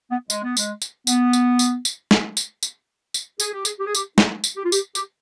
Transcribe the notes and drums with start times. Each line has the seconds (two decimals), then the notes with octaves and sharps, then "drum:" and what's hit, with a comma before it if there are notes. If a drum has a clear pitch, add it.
0.11 B3
0.30 G#3, drum: tambourine
0.43 B3
0.57 G#3, drum: tambourine
0.82 drum: tambourine
1.07 B3, drum: tambourine
1.33 drum: tambourine
1.59 drum: tambourine
1.85 drum: tambourine
2.11 drum: snare
2.37 drum: tambourine
2.63 drum: tambourine
3.14 drum: tambourine
3.40 G#4, drum: tambourine
3.53 G4
3.65 G#4, drum: tambourine
3.79 G4
3.87 G#4
3.95 G4, drum: tambourine
4.18 D#4, drum: snare
4.44 drum: tambourine
4.56 G4
4.65 F4
4.72 G4, drum: tambourine
4.95 G4, drum: tambourine